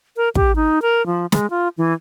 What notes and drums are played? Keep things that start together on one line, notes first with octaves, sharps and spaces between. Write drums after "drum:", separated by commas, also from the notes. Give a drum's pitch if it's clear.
A#4
G4, drum: kick
D#4
A#4
F3
G#3, drum: snare
F4
E3